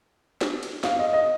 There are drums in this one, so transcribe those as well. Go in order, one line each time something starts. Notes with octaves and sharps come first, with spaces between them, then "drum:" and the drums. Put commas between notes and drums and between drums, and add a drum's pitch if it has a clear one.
drum: snare
drum: cymbal
F5, drum: snare
D#5
D#5